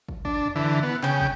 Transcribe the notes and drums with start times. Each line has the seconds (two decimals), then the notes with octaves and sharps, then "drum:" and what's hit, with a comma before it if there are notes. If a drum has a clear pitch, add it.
0.09 drum: kick
0.25 D4, drum: kick
0.46 drum: tom F2
0.55 D3 E3
0.83 B3
1.03 C#3 G5, drum: clap
1.20 drum: kick